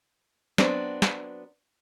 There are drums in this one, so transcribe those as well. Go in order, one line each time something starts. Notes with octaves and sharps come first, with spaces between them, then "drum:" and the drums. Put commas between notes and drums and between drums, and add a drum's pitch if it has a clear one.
F#3 B3 C4 D4, drum: snare
drum: snare